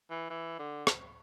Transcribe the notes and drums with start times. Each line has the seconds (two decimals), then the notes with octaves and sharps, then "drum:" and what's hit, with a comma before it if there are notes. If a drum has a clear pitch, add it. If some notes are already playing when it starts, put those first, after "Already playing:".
0.11 E3
0.30 E3
0.59 D3
0.87 drum: rim click